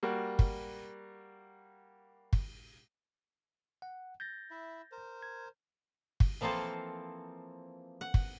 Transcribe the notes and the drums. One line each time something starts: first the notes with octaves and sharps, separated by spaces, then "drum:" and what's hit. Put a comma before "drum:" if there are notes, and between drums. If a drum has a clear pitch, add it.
G3 A#3 F#4
drum: kick
drum: kick
F#5
G6 A6 A#6
E4 E5
A#4 C5
G#6
drum: kick
E3 F3 A#3 C4 F4 A4
F#5
drum: kick